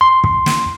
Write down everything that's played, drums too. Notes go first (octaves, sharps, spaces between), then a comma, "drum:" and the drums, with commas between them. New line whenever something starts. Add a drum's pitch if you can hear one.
C6
drum: kick
drum: snare